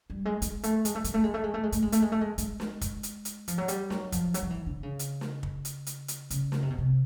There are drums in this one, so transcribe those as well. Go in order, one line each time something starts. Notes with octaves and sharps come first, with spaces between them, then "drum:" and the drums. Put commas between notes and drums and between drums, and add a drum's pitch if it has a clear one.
G3
G#3
G#3, drum: hi-hat
A3, drum: hi-hat
G#3, drum: hi-hat
A3
G#3, drum: hi-hat
A3
G#3
A3
G#3
A3
G#3
A3, drum: hi-hat
G#3
A3, drum: hi-hat
G#3
A3
G#3
G#3, drum: hi-hat
drum: snare
drum: kick, hi-hat
drum: hi-hat
drum: hi-hat
F3, drum: hi-hat
F#3
G3, drum: hi-hat
F#3, drum: snare
F3, drum: kick, hi-hat
F#3, drum: hi-hat
F3
E3
D3
C#3
drum: hi-hat
drum: snare
drum: kick
drum: hi-hat
drum: hi-hat
drum: hi-hat
C#3, drum: hi-hat
drum: snare
C3
B2
C3